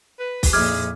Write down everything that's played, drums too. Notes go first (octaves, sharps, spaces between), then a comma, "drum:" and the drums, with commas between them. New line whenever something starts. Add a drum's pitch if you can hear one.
B4
drum: kick, open hi-hat
F2 A#2 D#4 E4 G#4 D6 F6 G#6